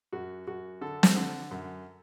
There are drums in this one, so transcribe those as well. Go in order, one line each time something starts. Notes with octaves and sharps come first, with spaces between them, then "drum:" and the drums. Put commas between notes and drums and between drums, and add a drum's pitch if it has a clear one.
F#2 F#4
F#2 F#4
D3 A4
drum: snare
D3
F#2